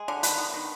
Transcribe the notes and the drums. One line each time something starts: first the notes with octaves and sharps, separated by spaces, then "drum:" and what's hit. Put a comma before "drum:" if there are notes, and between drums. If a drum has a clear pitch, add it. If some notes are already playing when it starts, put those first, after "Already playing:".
Already playing: G#3 G#4
D3
D#3 B4, drum: hi-hat
B3
D#3